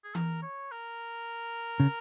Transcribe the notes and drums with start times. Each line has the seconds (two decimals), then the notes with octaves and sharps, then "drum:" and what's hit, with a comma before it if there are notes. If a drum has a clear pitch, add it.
0.04 G#4
0.15 A#4, drum: tom E3
0.43 C#5
0.72 A#4
1.80 C#3